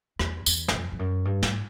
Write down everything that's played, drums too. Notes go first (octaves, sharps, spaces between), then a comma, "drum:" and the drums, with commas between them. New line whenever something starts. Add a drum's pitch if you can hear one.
E2, drum: rim click
E2, drum: tambourine
F#2, drum: snare
F2
F2
F#2
G2
G#2, drum: snare